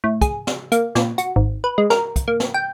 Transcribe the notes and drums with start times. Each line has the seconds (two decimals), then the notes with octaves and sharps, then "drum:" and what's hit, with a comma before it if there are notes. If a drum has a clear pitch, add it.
0.04 A2
0.21 G#4, drum: kick, hi-hat
0.47 drum: snare
0.72 A#3, drum: hi-hat
0.95 A#2, drum: snare
1.18 F#4, drum: hi-hat
1.36 G#1
1.64 B4
1.78 G#3
1.90 A#4, drum: snare
2.16 drum: kick, hi-hat
2.28 A#3
2.40 drum: snare
2.54 G5